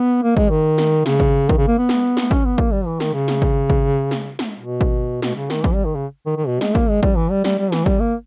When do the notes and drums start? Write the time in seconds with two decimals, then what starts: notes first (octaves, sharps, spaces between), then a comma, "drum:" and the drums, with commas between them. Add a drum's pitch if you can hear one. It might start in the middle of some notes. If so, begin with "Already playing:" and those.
Already playing: B3
0.23 A#3
0.37 G#3, drum: kick
0.50 D#3
0.78 drum: snare
1.06 C#3, drum: snare
1.20 drum: kick
1.49 D#3, drum: kick
1.58 C#3
1.68 A#3
1.78 B3
1.89 drum: snare
2.17 drum: snare
2.31 C#4, drum: kick
2.45 B3
2.58 A#3, drum: kick
2.72 G3
2.86 E3
3.00 D#3, drum: snare
3.14 C#3
3.28 drum: snare
3.42 drum: kick
3.70 drum: kick
4.11 drum: snare
4.39 drum: snare
4.60 B2
4.81 drum: kick
5.22 B2, drum: snare
5.36 C#3
5.50 D#3, drum: snare
5.64 E3, drum: kick
5.74 G3
5.85 D#3
5.95 C#3
6.26 D#3
6.37 D#3
6.47 B2
6.61 G#3, drum: snare
6.75 A#3, drum: kick
6.89 G#3
7.03 G3, drum: kick
7.17 E3
7.31 G3
7.44 G3, drum: snare
7.59 G3
7.72 E3, drum: snare
7.86 G3, drum: kick
8.00 A#3